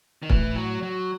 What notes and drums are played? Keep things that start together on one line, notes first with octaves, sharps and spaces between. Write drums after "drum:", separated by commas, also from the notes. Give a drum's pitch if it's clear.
D#3
A2 E3, drum: kick
F#3
F#3